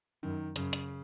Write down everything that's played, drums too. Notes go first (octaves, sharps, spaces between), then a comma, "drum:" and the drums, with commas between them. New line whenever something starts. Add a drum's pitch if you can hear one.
F#2 D#3
F#2 C#3, drum: hi-hat
drum: hi-hat